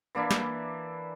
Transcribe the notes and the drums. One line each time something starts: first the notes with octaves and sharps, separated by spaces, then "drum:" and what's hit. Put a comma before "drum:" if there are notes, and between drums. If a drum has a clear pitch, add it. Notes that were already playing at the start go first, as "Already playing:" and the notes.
E3 A#3 D4 E4
drum: snare